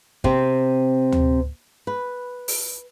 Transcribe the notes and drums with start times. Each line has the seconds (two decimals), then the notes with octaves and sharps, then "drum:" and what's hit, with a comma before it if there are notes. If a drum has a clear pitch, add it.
0.24 C3 C4, drum: kick
1.12 drum: tom D2
1.87 B4
2.48 drum: open hi-hat